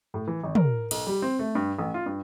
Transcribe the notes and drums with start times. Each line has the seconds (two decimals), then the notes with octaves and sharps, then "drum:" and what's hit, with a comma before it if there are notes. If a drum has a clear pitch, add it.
0.14 A2
0.27 E3
0.43 G#1
0.55 A#4, drum: tom
0.91 B1, drum: cymbal
1.07 G3
1.22 C4
1.39 A3
1.55 G2
1.79 A1
1.94 F4
2.06 G2